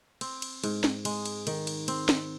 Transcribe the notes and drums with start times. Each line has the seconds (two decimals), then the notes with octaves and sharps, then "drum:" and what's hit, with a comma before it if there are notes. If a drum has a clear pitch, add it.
0.21 C4, drum: cymbal
0.42 drum: cymbal
0.64 G#2, drum: cymbal
0.84 drum: snare
1.05 G#3, drum: cymbal
1.25 drum: cymbal
1.47 D#3, drum: cymbal
1.67 drum: cymbal
1.88 C4, drum: cymbal
2.09 drum: snare